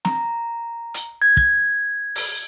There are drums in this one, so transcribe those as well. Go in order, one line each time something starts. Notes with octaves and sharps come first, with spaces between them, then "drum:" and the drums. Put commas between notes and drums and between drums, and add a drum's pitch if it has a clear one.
A#5, drum: snare
drum: hi-hat
G#6
drum: kick
drum: open hi-hat